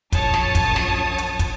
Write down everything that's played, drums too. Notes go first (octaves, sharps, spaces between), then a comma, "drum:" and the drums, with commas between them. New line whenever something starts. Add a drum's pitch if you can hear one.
A#1 F#2 C#5 A5 D#6, drum: kick, hi-hat
drum: snare
drum: kick, hi-hat
drum: snare
drum: hi-hat
drum: kick, hi-hat